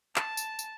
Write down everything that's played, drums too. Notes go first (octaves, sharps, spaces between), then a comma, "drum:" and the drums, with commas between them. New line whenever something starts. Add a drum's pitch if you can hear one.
A5, drum: clap
drum: tambourine
drum: tambourine